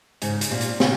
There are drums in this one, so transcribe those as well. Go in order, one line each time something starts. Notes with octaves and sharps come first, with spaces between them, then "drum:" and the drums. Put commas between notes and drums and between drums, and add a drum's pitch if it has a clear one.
G#2 C#3, drum: hi-hat
drum: hi-hat
A#2 G3 C4
drum: hi-hat
A#2 C#3, drum: snare